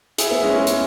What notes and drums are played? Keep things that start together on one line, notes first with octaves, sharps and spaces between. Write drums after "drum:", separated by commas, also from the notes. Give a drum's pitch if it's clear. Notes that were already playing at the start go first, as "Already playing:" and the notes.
E4 G#4, drum: hi-hat
B3 E4
G#3 C#4
G#3 C#4
drum: hi-hat